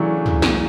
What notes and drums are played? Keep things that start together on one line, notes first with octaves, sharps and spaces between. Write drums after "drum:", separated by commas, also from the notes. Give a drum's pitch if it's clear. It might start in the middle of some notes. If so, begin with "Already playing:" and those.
Already playing: C#3 E3 F#3 A3 D4
drum: tom
drum: snare